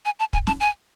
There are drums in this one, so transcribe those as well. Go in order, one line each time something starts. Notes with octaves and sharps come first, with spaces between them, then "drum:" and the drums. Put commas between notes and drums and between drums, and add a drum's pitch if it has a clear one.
G#5
A5
G#5, drum: kick
A5, drum: snare
G#5